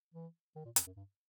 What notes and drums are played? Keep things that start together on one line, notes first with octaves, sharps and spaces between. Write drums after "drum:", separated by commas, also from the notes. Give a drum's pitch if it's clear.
E3
D#3
A#2
F2, drum: hi-hat
F#2
G2